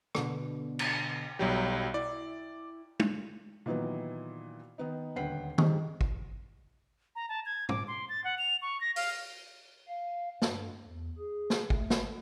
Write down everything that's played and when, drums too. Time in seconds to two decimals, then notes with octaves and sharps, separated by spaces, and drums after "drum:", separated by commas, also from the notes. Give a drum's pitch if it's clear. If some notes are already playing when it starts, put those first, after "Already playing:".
0.15 B2 D3, drum: rim click
0.79 drum: cymbal
1.39 B1 F#3 G3 G5
1.94 E4 D5
3.00 drum: tom
3.66 A#2 D#3 E3 F#3 B3
4.78 D#3 B3 D#4
5.16 D#1 D2 B4 F#5 G5 C7
5.58 D#3 G3 G#3 C4, drum: tom D#3
6.01 drum: kick
7.16 A#5
7.29 A5
7.46 G#6
7.69 D6, drum: tom
7.88 C6
8.09 A6
8.24 F#5
8.38 F7
8.62 C#6
8.81 A#6
8.96 F5, drum: open hi-hat
9.88 F5
10.42 G2, drum: snare
10.85 E2
11.18 G#4
11.50 drum: snare
11.70 A3, drum: kick
11.90 drum: snare